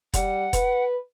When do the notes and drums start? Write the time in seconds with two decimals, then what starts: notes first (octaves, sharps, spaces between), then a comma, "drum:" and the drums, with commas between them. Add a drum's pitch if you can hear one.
0.14 G3 F#5, drum: kick F1, hi-hat
0.53 B4, drum: kick F1, hi-hat